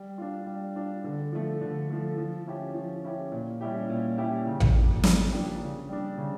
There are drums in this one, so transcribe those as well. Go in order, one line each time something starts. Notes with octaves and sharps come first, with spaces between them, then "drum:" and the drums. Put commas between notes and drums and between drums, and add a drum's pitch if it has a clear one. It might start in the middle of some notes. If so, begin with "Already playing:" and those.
Already playing: G3
D4 F4
G3
D4 F4
D3
F3 A3
D3
F3 A3
F3
C#4 E4 G4
F3
C#4 E4 G4
A#2
G3 C#4 E4 G4
A#2
G3 C#4 E4 G4
C#3
drum: tom A1
F3 A#3 D4 G4
C#3, drum: snare
F3 A#3 D4 G4
C#3
G3 D4
C#3